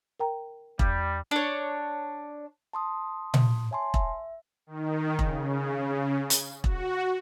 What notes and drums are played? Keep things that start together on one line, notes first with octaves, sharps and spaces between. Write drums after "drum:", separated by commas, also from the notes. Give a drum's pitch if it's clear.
A#4 G5 A#5
E2 G3, drum: kick E1
D4 C#5
A5 C6 D#6
drum: tom A#2
C#5 E5 G#5 A5 C6
E5, drum: kick E1
D#3
C#3, drum: kick E1
drum: hi-hat
F#4, drum: kick E1